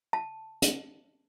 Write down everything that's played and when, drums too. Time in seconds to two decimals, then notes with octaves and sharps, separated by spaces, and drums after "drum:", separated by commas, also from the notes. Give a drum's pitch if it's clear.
0.13 A5
0.62 drum: hi-hat